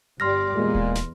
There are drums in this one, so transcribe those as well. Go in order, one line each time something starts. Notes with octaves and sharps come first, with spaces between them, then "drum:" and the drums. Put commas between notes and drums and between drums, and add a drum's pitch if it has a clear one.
G1 G3 D5 C6 F6 A#6
E2 A#2 G#3
drum: kick D1
drum: snare